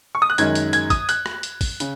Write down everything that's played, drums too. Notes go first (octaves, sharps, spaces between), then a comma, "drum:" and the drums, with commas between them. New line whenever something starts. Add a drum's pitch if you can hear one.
C#6
D#6
F#6
F#2 D#3 G#3 G#6, drum: hi-hat
drum: hi-hat
G#6, drum: hi-hat
D#6, drum: kick, hi-hat
F#6, drum: hi-hat
drum: rim click
drum: hi-hat
drum: kick, open hi-hat
C#3, drum: hi-hat